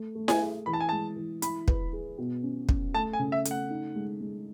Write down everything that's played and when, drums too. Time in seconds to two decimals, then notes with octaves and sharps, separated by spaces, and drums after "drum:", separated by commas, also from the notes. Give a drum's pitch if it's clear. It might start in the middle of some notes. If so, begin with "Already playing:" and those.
Already playing: A3
0.15 A3
0.28 G#5, drum: snare E4
0.41 G#4
0.66 E3 B5
0.73 A5
0.81 G#5
0.89 G#3 A5
1.16 E3
1.42 E4 B5, drum: hi-hat
1.68 B4, drum: kick
1.93 G#4
2.18 B2
2.43 C#4
2.69 C#4, drum: kick
2.94 A3 A5
3.13 G#5
3.19 C#3
3.32 E5
3.45 A3, drum: hi-hat
3.51 F#5
3.70 D#4
3.95 G#3
4.21 G#3